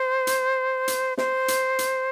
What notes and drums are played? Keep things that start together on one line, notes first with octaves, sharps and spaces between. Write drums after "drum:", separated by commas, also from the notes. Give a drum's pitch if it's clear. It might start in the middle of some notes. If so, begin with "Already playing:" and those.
Already playing: C5
drum: hi-hat
drum: hi-hat
C5, drum: snare
drum: hi-hat
drum: hi-hat